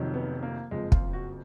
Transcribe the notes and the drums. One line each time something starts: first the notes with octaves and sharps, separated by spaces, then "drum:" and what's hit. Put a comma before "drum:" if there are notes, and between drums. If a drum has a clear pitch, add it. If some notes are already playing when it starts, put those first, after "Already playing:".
Already playing: F1 F2 D#3 F#3
B3
A#3
F#1 F2 F3 G#3
F4, drum: kick
F#4